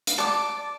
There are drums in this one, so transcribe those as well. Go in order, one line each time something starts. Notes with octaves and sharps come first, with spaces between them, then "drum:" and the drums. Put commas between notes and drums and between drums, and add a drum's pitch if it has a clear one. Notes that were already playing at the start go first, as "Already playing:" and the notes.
drum: hi-hat
D5 A5 D6